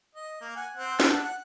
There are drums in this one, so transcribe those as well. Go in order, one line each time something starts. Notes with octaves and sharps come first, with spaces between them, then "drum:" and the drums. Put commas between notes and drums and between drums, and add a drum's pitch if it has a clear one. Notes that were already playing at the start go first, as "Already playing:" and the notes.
D#5
A#3
F#5 G#5
C4 F#5
drum: snare
D4 F#5
F#5